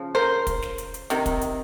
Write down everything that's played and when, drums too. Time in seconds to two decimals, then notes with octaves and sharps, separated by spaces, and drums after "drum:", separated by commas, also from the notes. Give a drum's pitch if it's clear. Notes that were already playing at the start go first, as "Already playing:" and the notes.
Already playing: C#3 F3
0.15 A#4 C5
0.47 drum: kick, hi-hat
0.62 drum: snare
0.78 drum: hi-hat
0.94 drum: hi-hat
1.10 C3 D#3, drum: hi-hat
1.26 drum: kick, hi-hat
1.41 drum: hi-hat